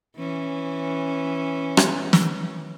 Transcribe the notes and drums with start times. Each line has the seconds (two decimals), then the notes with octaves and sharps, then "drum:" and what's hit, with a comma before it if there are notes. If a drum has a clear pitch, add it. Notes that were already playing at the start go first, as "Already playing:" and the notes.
0.17 E3 C#4
1.77 drum: rim click
2.13 drum: snare